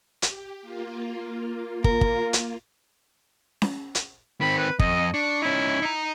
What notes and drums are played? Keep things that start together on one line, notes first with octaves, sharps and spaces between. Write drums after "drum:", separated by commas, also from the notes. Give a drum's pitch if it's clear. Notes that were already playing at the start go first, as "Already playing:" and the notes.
G4, drum: hi-hat
A#3 F4
A#4, drum: kick
drum: kick
drum: hi-hat
drum: snare C#4
drum: hi-hat
D#3 C4 B5
B4
F2 D#5, drum: kick
D4 C#6
C#4 D#4 E4
D#4 A#5